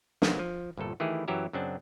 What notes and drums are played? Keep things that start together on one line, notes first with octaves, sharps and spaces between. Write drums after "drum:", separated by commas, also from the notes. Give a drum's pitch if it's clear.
C3 D#3 F#3 A#3 B3, drum: snare
F3
G1 C2 A#2 A4
D#3 E3 A3 E4 G4 G#4
F#2 E3 F#3 G4 E5 A#5
F#2 C#3 F#3 C4 D4